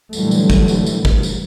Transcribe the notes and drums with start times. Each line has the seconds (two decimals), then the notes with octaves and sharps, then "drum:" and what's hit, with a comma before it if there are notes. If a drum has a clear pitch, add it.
0.13 A#2 D3 E3 F#3 G3 A3, drum: tambourine
0.31 drum: tambourine
0.50 drum: kick, tambourine
0.68 drum: tambourine
0.86 drum: tambourine
1.05 drum: kick
1.23 drum: tambourine